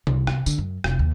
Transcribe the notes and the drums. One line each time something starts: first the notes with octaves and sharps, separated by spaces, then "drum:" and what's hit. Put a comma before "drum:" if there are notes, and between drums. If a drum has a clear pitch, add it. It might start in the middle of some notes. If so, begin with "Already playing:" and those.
C2, drum: tom C3
C3, drum: rim click
D3, drum: tambourine
F#2
F1, drum: rim click
D#2